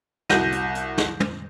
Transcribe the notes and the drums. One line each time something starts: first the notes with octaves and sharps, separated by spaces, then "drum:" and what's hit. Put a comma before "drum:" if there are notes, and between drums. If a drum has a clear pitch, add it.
C2 F#4 G6 A#6 D#7, drum: snare
drum: hi-hat
drum: hi-hat
drum: snare
drum: tom